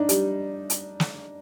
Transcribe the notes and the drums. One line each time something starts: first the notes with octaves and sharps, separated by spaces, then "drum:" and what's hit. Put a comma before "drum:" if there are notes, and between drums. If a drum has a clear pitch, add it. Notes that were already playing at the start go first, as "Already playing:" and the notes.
Already playing: D4 D#4
G3, drum: hi-hat
drum: hi-hat
drum: snare